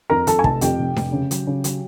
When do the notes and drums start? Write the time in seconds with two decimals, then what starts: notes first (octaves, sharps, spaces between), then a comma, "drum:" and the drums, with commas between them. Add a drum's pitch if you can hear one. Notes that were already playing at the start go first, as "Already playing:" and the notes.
0.10 F2 A#4 A#5
0.27 F2 A4 A5, drum: hi-hat
0.39 G#5
0.44 F1 A4 A5, drum: kick
0.61 F2 G4 G5, drum: hi-hat
0.79 F1
0.96 F1, drum: snare D4
1.13 C#3
1.31 F#3, drum: hi-hat
1.47 C#3
1.64 F#3, drum: hi-hat